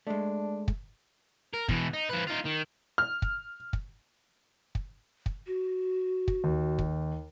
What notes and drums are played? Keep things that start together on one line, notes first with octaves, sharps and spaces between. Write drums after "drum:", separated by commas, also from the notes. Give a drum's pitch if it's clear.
G#3 A3 D4
drum: kick
A#4
B2 E3, drum: kick
D#4
F3 B4
D#4 F4
D#3
F6
drum: kick
drum: kick
drum: kick
drum: kick
F#4
drum: kick
D#2
drum: kick